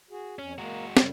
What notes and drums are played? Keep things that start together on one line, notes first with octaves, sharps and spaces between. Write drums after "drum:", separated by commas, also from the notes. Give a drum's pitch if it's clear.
F#4 G#4
F2 C#4
G#3 A#3 F#4 A#5
F#2 C#3 G3, drum: snare